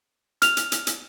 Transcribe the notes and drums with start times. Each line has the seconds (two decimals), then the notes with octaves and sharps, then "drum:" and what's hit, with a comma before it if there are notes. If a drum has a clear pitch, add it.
0.42 F6 F7, drum: hi-hat
0.57 drum: hi-hat
0.72 drum: hi-hat
0.87 drum: hi-hat